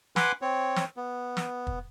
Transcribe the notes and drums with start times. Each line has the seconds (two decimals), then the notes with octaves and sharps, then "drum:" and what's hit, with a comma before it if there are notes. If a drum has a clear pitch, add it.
0.16 B4 F#5 G#5 B5 C6 D6, drum: snare
0.42 C4 C#5
0.76 drum: snare
0.97 B3
1.37 drum: snare
1.67 drum: kick